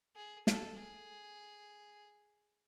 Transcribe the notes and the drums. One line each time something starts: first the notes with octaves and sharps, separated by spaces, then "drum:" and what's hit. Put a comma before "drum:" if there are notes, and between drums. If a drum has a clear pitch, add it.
G#4
A4, drum: snare
G#4